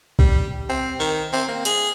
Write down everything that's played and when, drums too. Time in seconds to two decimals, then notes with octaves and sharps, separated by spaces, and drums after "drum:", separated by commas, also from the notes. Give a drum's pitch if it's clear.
0.19 G3, drum: kick B1
0.69 C4
0.99 D#3
1.33 C4
1.48 A#3
1.65 G#4, drum: hi-hat